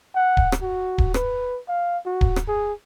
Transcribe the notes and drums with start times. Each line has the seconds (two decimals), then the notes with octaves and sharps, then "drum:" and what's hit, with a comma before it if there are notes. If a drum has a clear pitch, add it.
0.15 F#5
0.37 drum: kick D1
0.52 drum: rim click
0.62 F#4
0.98 drum: kick D1
1.14 B4, drum: rim click
1.68 F5
2.06 F#4
2.21 drum: kick D1
2.36 drum: rim click
2.48 G#4